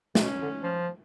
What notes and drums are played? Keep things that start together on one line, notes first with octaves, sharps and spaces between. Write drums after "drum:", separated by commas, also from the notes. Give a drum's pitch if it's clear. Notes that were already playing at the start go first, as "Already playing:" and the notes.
C#3, drum: snare
B2 C#4
D3
F3